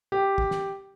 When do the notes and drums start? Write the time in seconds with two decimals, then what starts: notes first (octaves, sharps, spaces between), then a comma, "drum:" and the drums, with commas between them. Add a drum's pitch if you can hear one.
0.12 G4
0.38 drum: kick
0.51 drum: snare